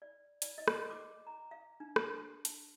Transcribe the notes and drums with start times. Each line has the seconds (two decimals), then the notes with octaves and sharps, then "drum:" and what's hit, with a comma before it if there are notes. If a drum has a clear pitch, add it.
0.02 D5
0.42 D5, drum: hi-hat
0.58 D#5
0.68 drum: rim click
0.90 D6
1.27 A#5
1.51 F5
1.80 D4
1.96 drum: rim click
2.45 A5, drum: hi-hat